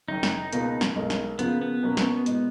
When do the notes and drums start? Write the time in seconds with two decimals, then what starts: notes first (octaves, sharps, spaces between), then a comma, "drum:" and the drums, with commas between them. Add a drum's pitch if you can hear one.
0.08 F#1 F#2 D#3 D#4
0.23 drum: snare
0.53 C#2 B2 A#3 F4 B4, drum: hi-hat
0.81 drum: snare
0.95 B1 B2 G#3 D#4 A#4
1.10 drum: snare
1.39 C#3 F3 A#3 B3 F4, drum: hi-hat
1.61 B3
1.83 B2 F#3 A#3 C#4
1.97 drum: snare
2.26 A#2 G#3 D#4, drum: hi-hat